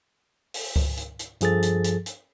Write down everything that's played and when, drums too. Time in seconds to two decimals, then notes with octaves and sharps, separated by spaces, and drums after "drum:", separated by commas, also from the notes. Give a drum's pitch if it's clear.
0.54 drum: open hi-hat
0.76 drum: kick C#2
0.97 drum: hi-hat
1.19 drum: hi-hat
1.41 G2 F3 G#4 A4 A6, drum: hi-hat
1.63 drum: hi-hat
1.84 drum: hi-hat
2.06 drum: hi-hat